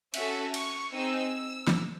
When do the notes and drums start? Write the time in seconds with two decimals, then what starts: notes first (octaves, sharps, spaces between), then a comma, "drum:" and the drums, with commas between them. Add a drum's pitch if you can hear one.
0.14 C#4 F#4 A4 E5, drum: cymbal
0.54 C#6, drum: cymbal
0.93 C4 D#4 G#4 E6
1.67 drum: snare